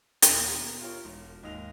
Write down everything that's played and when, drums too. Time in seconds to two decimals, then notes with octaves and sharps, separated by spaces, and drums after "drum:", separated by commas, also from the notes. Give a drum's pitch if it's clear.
0.22 D#2 A#2 A6, drum: hi-hat
0.48 B2 G4 A#5
0.81 F4 A#4 C#5
1.05 E1
1.43 D#2 G#2 D#5 F5 F7